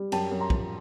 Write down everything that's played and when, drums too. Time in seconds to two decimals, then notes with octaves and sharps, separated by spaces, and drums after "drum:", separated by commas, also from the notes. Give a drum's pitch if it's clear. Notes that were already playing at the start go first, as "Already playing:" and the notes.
Already playing: G3
0.12 F#2 G5 A5, drum: cymbal
0.31 F#2
0.40 A#5 C6
0.50 F3, drum: kick